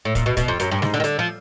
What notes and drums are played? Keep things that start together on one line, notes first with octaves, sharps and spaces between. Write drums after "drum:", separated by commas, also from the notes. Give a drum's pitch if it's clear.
A2
A#2, drum: kick, hi-hat
B2
B2, drum: kick, hi-hat
F2
F#2, drum: hi-hat
G2
G#2, drum: snare G3
D3
D#3
D3, drum: hi-hat
F3